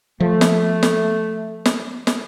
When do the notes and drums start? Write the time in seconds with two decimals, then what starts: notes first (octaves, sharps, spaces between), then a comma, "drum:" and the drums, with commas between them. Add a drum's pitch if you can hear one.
0.20 F3 A3
0.41 drum: snare
0.83 drum: snare
1.66 drum: snare
2.07 drum: snare